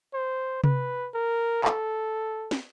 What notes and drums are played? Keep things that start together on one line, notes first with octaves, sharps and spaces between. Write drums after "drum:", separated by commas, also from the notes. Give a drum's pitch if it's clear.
C5
B4, drum: tom C3
A#4
A4, drum: clap
drum: snare